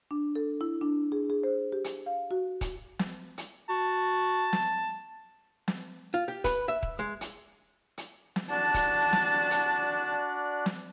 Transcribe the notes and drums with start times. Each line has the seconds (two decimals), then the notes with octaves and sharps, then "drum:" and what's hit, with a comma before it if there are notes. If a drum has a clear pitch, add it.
0.11 D4
0.35 A4
0.61 E4
0.81 D4
1.12 G#4
1.30 G#4
1.43 C5
1.72 G4
1.84 drum: hi-hat
2.06 F5
2.31 F#4
2.61 drum: kick D#1, hi-hat
2.99 drum: snare
3.38 drum: hi-hat
3.70 F#4 A5
4.53 drum: snare
5.68 drum: snare
6.14 F4
6.28 G4
6.44 B4, drum: kick D#1, hi-hat
6.68 E5
6.83 drum: kick D#1
6.99 G#3
7.21 drum: hi-hat
7.98 drum: hi-hat
8.36 drum: snare
8.50 D4 F#4 D5 A5
8.74 drum: kick D#1, hi-hat
9.13 drum: snare
9.51 drum: hi-hat
10.66 drum: snare